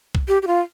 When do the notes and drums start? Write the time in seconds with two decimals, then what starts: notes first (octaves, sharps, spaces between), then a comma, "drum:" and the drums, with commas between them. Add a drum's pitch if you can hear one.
0.15 drum: kick B1
0.28 G4
0.42 G4
0.47 F4